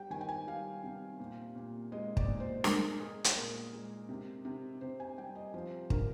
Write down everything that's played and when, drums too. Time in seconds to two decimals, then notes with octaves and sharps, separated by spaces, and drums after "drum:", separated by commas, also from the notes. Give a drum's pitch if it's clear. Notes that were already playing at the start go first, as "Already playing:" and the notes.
Already playing: G3 G5
0.10 D#3 G#5
0.21 G5
0.29 G#5
0.47 G3 F5
0.83 C3
1.20 A#2
1.56 A#2
1.92 G#3 D#5
2.17 D5, drum: kick
2.28 A#2
2.40 C5
2.64 G#3 A#4, drum: snare
3.00 G#3 G#4
3.24 drum: hi-hat
3.36 A#2 A#4
3.73 G#3
4.09 C3
4.45 C3
4.81 C3 C5
5.00 G#5
5.18 G3 G5
5.35 D#5
5.54 F3 C5
5.90 D3 A#4, drum: kick